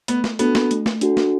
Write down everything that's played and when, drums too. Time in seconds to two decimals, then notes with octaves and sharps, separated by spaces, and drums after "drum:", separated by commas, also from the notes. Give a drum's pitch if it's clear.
0.08 A3 B3, drum: hi-hat
0.24 drum: snare
0.39 B3 D4 F#4 A4, drum: hi-hat
0.55 drum: snare
0.71 A3, drum: hi-hat
0.86 drum: snare
1.01 D4 F#4 A4, drum: hi-hat
1.17 drum: snare